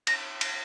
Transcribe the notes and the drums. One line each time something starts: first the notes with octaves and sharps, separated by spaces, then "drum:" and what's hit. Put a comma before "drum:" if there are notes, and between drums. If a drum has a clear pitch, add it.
A#6, drum: cymbal
drum: cymbal